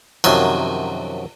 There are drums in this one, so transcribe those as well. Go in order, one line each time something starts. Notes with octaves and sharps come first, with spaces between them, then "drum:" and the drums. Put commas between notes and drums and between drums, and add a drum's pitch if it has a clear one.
F#2 C3 D#3 F3 F#3, drum: cymbal